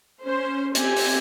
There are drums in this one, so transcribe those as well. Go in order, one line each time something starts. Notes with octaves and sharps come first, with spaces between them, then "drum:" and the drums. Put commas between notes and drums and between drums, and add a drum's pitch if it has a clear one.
C#4 C5
C4 G4 G#5, drum: hi-hat
drum: open hi-hat